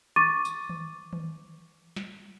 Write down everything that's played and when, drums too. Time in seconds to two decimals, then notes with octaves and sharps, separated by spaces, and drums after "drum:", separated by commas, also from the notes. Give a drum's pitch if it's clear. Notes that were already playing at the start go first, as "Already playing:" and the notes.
0.16 C#6 D6 A6 D#7, drum: tom D#3
0.45 drum: tambourine
0.69 drum: tom D#3
1.13 drum: tom D#3
1.96 drum: snare